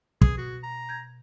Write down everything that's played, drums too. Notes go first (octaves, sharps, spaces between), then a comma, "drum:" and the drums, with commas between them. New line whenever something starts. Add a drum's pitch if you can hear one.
B2 G#4, drum: kick
F#4
A#5
G6 G#6